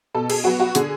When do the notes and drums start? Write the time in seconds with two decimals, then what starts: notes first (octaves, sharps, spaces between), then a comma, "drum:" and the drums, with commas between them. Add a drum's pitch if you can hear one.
0.14 B2 A4
0.30 G#4, drum: cymbal
0.44 F#3 B3 F#4
0.60 F#4
0.75 D3 G#4, drum: hi-hat